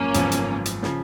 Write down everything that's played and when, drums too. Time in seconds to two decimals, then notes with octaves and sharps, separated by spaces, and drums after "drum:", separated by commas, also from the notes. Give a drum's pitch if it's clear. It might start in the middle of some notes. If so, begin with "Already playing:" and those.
Already playing: G#1 F#2 C#3 F3 A#3 B3 C#4
0.14 G#1 F#2 C#3 F3 B3, drum: hi-hat
0.32 drum: hi-hat
0.66 drum: hi-hat
0.83 C#3 F3, drum: snare